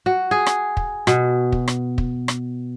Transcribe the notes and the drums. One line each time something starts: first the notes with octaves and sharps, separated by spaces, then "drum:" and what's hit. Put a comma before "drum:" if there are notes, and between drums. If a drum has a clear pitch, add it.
F#4
G#4
drum: rim click
drum: kick
B2, drum: rim click
drum: kick
drum: rim click
drum: kick
drum: rim click